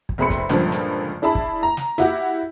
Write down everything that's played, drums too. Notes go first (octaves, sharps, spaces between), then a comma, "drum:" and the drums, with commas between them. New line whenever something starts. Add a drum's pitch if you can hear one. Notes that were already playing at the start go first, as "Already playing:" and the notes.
drum: kick
F1 C3 G#4 B5 C6 C#7
drum: kick, hi-hat
C#2 G2 A#2 D3 F3, drum: snare
drum: snare
D4 E4 G#4 A5 B5
drum: kick
A#5
drum: snare
E4 F#4 G4, drum: snare